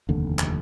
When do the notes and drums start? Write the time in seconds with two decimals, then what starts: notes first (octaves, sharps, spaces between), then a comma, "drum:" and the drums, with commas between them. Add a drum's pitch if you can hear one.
0.09 F1 D#2 D3
0.39 drum: clap